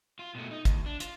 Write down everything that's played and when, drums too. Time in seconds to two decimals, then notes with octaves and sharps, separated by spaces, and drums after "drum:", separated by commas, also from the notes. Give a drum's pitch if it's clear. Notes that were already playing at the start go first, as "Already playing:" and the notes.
0.19 F4
0.35 B2 A3
0.51 D#4
0.65 D2, drum: kick, hi-hat
0.86 D4
1.00 F4, drum: hi-hat